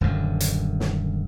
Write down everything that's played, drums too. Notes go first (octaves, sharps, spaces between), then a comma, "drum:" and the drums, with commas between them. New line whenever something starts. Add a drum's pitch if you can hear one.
D#1 F#2 D3
drum: hi-hat
drum: snare